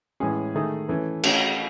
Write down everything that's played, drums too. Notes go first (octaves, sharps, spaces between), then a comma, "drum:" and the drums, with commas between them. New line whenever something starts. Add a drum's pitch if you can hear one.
A2 E3 G#3 C#4 G#4
D#3 A3 D#4 G#4
E3 A3 C#4
A3 C#4 F#4 C#5, drum: cymbal